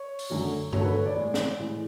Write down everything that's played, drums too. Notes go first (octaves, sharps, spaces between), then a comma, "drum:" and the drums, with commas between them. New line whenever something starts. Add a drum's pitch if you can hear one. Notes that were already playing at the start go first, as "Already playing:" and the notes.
Already playing: C#5
drum: open hi-hat
F#2 D3 F#3 A3
F#2 D3 F#3 A3 C#5, drum: tom G2
A4
B4
C#5
D5
A2 E3 G#3
drum: snare
A2 E3 G#3